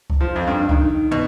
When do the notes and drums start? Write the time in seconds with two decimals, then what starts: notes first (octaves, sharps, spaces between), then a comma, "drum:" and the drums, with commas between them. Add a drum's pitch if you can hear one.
0.10 drum: kick C2
0.21 F3
0.36 F2
0.47 G2
0.69 D#3, drum: kick C2
1.11 B2, drum: tom